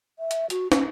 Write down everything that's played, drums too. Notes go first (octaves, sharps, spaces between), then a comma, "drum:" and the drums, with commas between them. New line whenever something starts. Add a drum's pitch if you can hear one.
E5
drum: hi-hat
F#4, drum: hi-hat
C#4, drum: snare